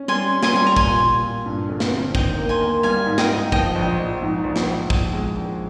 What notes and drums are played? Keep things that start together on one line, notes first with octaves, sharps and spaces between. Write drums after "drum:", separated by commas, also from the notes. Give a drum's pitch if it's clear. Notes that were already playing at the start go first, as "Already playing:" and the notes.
Already playing: C#4
G3 G#5 C6
C#4
G#5 C6, drum: snare
G3 G#5
A#5
A#2 G#5 C6, drum: kick
A#2
A#2
G2
G1
drum: snare
C4
D#2 D#5 G5, drum: kick
A#3
G#5 C6
A#3
G3 F5 G#5
G#2
D#5 G5, drum: snare
G#2
F3 D#5 G5, drum: kick
A#1
A#1
G#2
A#1
drum: snare
A#1
A#1, drum: kick
G#3
A#1